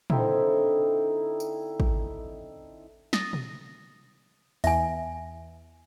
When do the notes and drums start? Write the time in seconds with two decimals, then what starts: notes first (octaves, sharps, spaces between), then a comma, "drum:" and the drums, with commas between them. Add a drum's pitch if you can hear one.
0.10 D3 C4 D#4 E4, drum: tom
1.40 drum: tambourine
1.80 drum: kick
3.13 D#6 A6 A#6, drum: snare
3.33 drum: tom
4.64 E2 E5 G#5, drum: open hi-hat